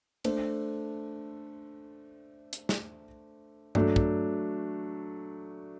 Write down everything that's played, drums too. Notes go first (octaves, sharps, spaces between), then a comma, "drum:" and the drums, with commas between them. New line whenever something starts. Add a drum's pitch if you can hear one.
A3 D4 A4 C5, drum: cymbal
drum: hi-hat
drum: snare
F#3 A3 D4, drum: tom G2
drum: kick